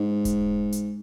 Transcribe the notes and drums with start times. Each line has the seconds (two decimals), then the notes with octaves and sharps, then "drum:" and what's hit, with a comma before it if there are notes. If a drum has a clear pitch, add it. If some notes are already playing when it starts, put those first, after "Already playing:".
Already playing: G#2
0.25 drum: kick E1, hi-hat
0.72 drum: hi-hat